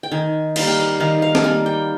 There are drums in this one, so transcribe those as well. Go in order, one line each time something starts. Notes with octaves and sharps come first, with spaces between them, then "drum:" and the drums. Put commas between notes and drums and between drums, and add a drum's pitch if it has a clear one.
G5
D#3 G#5
G3 A#3 F5, drum: cymbal
G5
F5
D#3 F5
F5
drum: snare
G3 A#3 G#5
G5